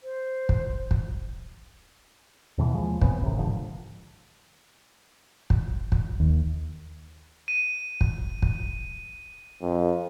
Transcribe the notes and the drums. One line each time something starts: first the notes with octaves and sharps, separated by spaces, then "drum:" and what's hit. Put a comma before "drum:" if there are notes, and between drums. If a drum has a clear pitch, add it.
C5
drum: kick
drum: kick
D#2 B2 E3
D#2 F3 G#3
D#2 C3 B3 C#4, drum: kick
C#2 A2 C3 D#3
F1 G#2 D3 F3
drum: kick
drum: kick
D#2
D#7
drum: kick
drum: kick
F2